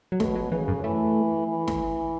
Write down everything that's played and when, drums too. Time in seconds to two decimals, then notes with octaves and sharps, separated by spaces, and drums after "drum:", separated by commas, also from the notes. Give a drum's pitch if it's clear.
0.12 F#3
0.20 B2 A3, drum: snare
0.36 F#3
0.52 C#3 E3
0.68 F#2
0.84 E3 A3
1.48 E3
1.68 drum: snare